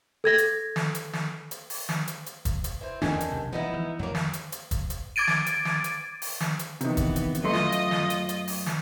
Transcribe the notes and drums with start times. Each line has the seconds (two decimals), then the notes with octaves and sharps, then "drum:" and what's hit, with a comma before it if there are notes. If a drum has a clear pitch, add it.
0.24 A4 G#6 A#6
0.38 drum: hi-hat
0.76 drum: snare
0.95 drum: hi-hat
1.13 drum: snare
1.51 drum: hi-hat
1.70 drum: open hi-hat
1.89 drum: snare
2.08 drum: hi-hat
2.26 drum: hi-hat
2.45 drum: kick, hi-hat
2.64 drum: hi-hat
2.81 E3 C4
3.02 E2 D#3 C#4 D4 A4 G#5, drum: snare
3.20 drum: hi-hat
3.31 B1 C3
3.53 E3 F3 B3 D#4 E4
3.74 E3
3.99 F2 F#3 A#3
4.15 drum: snare
4.33 drum: hi-hat
4.52 drum: hi-hat
4.71 drum: kick, hi-hat
4.90 drum: hi-hat
5.16 D6 G#6 A6 D7 D#7
5.28 drum: snare
5.46 drum: hi-hat
5.65 drum: snare
5.84 drum: hi-hat
6.22 drum: open hi-hat
6.40 drum: snare
6.59 drum: hi-hat
6.81 C3 D#3 E3 B3, drum: hi-hat
6.97 drum: kick, hi-hat
7.16 drum: hi-hat
7.35 drum: hi-hat
7.44 F#2 A3 F4 D#5 C6
7.53 drum: snare
7.72 drum: hi-hat
7.91 drum: snare
8.10 drum: hi-hat
8.29 drum: hi-hat
8.48 drum: open hi-hat
8.66 drum: snare